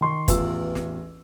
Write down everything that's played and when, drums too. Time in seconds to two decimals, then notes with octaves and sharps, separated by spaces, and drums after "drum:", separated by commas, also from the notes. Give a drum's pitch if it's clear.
0.01 D#3 C6 C#6
0.28 A1 E2 F4 E6, drum: kick, hi-hat
0.75 drum: snare